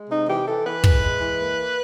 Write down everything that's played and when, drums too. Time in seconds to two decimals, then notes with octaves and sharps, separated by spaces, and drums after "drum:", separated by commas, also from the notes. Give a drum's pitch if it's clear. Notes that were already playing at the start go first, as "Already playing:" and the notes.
Already playing: G#3
0.10 C3 D#4
0.29 E3 G4
0.47 E3 A4
0.65 E3 B4
0.84 G#3, drum: kick
1.02 G#3
1.20 E3
1.39 A#3
1.57 A#3